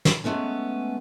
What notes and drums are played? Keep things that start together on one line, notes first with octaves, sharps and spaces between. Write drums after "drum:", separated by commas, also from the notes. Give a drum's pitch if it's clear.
drum: snare
G#3 A3 B3 C#4